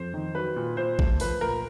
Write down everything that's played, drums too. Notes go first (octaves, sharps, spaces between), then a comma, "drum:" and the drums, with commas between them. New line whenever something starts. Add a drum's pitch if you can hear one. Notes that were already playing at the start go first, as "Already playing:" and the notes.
Already playing: F2 C5
D#3
F#3 B4
A#2
A#2 C5
A3, drum: kick A1
F3 B4, drum: open hi-hat
A#2 A#4